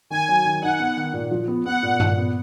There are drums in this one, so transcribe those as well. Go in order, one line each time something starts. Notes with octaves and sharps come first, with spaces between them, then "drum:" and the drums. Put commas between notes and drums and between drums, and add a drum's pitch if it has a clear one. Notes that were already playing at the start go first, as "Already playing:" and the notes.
D#3 G#5
F#3
D#3
D#4 F#5
B3
D#3
A#2
F3
B3
B3 F#5
A#2
A#2, drum: tom
B3